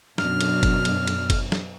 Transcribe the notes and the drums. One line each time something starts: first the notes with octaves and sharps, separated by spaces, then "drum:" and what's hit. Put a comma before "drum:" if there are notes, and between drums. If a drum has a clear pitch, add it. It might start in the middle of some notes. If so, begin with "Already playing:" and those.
F#2 B2 D4 F6, drum: snare
drum: cymbal
drum: kick F#1, cymbal
drum: cymbal
drum: cymbal
drum: kick F#1, cymbal
drum: snare